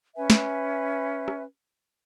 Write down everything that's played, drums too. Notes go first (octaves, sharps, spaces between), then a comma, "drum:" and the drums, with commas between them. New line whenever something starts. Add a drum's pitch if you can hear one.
C#4 B4 E5 G#5
drum: snare
drum: rim click